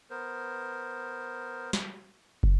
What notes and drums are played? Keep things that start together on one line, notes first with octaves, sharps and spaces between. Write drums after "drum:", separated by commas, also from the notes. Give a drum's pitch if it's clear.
B3 A#4 C5
drum: snare
drum: kick